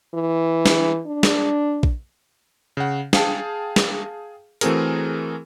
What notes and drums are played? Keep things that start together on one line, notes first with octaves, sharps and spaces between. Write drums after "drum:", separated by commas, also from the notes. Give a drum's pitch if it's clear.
E3
drum: snare
D4
drum: snare
drum: kick A#1
C#3 F#5
G#4 F5 G5 A5, drum: snare
drum: snare
E3 A3 C4 F#4 G#4 A#4, drum: hi-hat